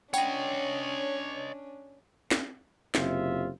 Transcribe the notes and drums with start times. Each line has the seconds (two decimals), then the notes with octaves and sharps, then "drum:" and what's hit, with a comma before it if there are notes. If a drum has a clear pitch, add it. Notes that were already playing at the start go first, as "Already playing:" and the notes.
0.14 C#4 D4 C#5 D#5 F#5 G5 B5, drum: tambourine
2.31 drum: snare
2.95 F#1 C3 F4 E5, drum: snare